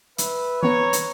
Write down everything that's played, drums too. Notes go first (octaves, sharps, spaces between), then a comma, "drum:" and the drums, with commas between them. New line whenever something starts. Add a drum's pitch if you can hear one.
B4 E5, drum: hi-hat
E3 B3 C#5 A#5
drum: hi-hat